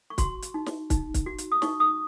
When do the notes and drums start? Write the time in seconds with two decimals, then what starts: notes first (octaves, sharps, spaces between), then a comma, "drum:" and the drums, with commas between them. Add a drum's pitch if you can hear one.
0.10 C#6
0.18 F#4 C6, drum: kick, hi-hat
0.42 drum: hi-hat
0.54 D#4
0.66 drum: snare
0.90 D#4, drum: kick, hi-hat
1.14 drum: kick, hi-hat
1.26 F#4
1.38 drum: hi-hat
1.52 D#6
1.62 D#4 C#6, drum: snare
1.80 D#6